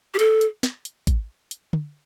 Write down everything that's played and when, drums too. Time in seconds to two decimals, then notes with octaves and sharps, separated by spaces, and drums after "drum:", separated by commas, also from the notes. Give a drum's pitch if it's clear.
0.14 G4
0.19 A4, drum: hi-hat
0.41 drum: hi-hat
0.63 drum: snare
0.85 drum: hi-hat
1.07 drum: kick, hi-hat
1.51 drum: hi-hat
1.73 drum: tom